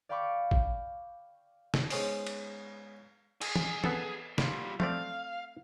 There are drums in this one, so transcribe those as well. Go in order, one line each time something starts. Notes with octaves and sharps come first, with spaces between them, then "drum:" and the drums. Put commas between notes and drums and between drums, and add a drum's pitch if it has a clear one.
D5 F5 G5 B5 C#6 D6
drum: kick
drum: snare
G#2 B3 C#4 C5 D#5, drum: open hi-hat
drum: cymbal
G#4, drum: cymbal
drum: tom
B3 A4, drum: tom
G3 F4, drum: snare
A3 C4 D5 F5, drum: tom F3